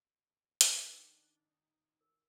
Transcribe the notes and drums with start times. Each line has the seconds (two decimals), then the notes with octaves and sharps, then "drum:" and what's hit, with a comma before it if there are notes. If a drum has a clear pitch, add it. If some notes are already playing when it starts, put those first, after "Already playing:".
0.61 drum: hi-hat
0.85 D#3 D4 G4 A#4 D5 D#5 D6
1.46 D#4
2.01 A#4